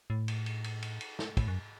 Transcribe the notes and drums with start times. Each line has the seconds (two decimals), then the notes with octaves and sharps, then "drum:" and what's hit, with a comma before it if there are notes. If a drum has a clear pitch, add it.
0.10 A2
0.28 drum: cymbal
0.46 drum: cymbal
0.64 drum: cymbal
0.82 drum: cymbal
1.01 drum: cymbal
1.19 drum: snare
1.37 A2, drum: kick, cymbal
1.48 F#2